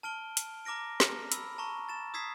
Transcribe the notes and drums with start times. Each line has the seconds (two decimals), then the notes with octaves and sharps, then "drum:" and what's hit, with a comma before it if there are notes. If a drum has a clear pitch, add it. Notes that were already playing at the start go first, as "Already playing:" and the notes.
0.03 A5 F6 D7 G7
0.37 drum: hi-hat
0.65 A#5 D6 F6 A#6 D7
1.00 drum: snare
1.32 B5 E6, drum: hi-hat
1.58 A5 A#5 C#6
1.89 A6 E7
2.14 D#6 E6 G#6 B6 C7